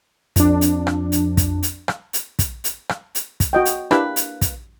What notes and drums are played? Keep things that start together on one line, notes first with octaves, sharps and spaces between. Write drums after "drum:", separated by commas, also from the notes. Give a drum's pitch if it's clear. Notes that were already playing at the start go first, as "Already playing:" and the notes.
F2 D4, drum: kick, hi-hat
drum: hi-hat
drum: rim click
drum: hi-hat
drum: kick, hi-hat
drum: hi-hat
drum: rim click
drum: hi-hat
drum: kick, hi-hat
drum: hi-hat
drum: rim click
drum: hi-hat
drum: kick, hi-hat
F#4 D#5 G5
drum: hi-hat
A#3 D4 E4 G4 B4, drum: rim click
drum: hi-hat
drum: kick, hi-hat